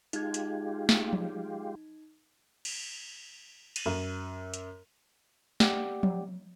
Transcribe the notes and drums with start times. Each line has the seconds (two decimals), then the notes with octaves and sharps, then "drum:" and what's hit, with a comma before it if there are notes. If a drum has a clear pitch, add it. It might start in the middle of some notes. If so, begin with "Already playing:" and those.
0.13 G#3 D#4 F4 G4 G#6, drum: hi-hat
0.34 drum: hi-hat
0.89 drum: snare
1.13 drum: tom F3
2.65 drum: cymbal
3.76 drum: cymbal
3.86 F#2
4.54 drum: hi-hat
5.60 G4 D5 F#5 G5 D6, drum: snare
6.03 drum: tom F3